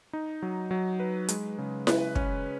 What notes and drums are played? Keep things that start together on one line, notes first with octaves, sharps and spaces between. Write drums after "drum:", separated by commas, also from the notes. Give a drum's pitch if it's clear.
D#4
F#3
F#3
B4
G#3, drum: hi-hat
C#3
B4, drum: snare E4
C#4, drum: kick